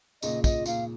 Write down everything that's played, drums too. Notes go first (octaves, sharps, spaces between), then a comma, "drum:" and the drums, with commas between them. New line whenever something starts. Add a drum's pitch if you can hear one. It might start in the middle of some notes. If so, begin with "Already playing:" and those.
A#2 C#3 D#5, drum: tambourine
D#5, drum: kick, tambourine
A#2 F5, drum: tambourine